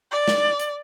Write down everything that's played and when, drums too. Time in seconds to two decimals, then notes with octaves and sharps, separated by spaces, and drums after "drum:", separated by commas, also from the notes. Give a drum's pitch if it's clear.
0.12 D5
0.28 drum: snare
0.60 drum: hi-hat